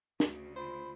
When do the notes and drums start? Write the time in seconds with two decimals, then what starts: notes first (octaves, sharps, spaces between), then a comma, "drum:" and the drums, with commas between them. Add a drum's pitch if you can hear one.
0.20 D2 C#3 F#4, drum: snare
0.56 F4 C5 B5